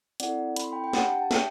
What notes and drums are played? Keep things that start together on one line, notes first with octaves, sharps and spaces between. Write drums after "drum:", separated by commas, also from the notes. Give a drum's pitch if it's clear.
C4 E4 A4 D5 F#5, drum: hi-hat
B5, drum: hi-hat
C6
G5 B5
G5
D4 G4 F#5 A5, drum: snare
A5
E5 G5, drum: snare